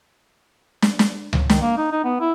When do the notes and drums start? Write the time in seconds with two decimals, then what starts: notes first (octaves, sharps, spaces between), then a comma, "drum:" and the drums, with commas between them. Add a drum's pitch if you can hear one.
0.82 drum: snare
0.99 drum: snare
1.33 drum: tom C#2
1.49 D#3, drum: snare
1.62 A#3
1.77 D#4
1.92 D#4
2.04 B3
2.20 E4